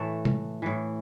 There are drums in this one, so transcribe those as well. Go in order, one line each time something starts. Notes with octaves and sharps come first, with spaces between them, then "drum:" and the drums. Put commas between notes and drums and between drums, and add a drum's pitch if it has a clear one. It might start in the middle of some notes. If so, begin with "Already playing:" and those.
Already playing: A2 E3 A3 A4
drum: tom
A2 E3